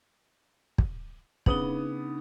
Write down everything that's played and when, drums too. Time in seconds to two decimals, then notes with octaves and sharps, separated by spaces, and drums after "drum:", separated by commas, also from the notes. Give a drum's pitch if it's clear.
0.78 drum: kick
1.46 C#3 B3 D4 D#4 D#6, drum: kick